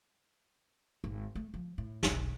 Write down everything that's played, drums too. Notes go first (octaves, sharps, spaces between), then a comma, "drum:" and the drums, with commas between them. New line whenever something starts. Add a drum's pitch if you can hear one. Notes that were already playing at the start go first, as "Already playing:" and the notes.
G#1
A3
F3
A2
F1 B1, drum: snare